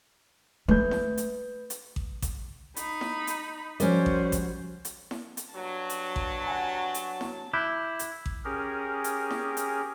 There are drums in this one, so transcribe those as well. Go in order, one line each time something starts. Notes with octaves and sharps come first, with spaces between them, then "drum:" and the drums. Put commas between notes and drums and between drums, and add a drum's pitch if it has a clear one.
A3 B4 G6
drum: snare E4
drum: hi-hat
drum: hi-hat
drum: kick A1
drum: kick A1, hi-hat
D#4 B5, drum: hi-hat
drum: snare E4
drum: hi-hat
F3 G3 C#4 F#4 A#4 C5, drum: hi-hat
drum: kick A1
drum: kick A1, hi-hat
drum: hi-hat
drum: snare E4
drum: hi-hat
G2 F#3 A5
drum: hi-hat
drum: kick A1
F#5 G#5
drum: hi-hat
drum: snare E4
E4 D6 F#6 G6
drum: hi-hat
drum: kick A1
C#4 G4 G#4 A#4
drum: hi-hat
drum: snare E4
drum: hi-hat